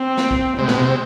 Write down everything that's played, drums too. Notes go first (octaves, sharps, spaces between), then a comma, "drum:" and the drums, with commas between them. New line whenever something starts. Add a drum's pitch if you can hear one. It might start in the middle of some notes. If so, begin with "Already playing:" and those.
Already playing: C4
drum: snare
drum: kick
C3 G#3
B2, drum: snare
C3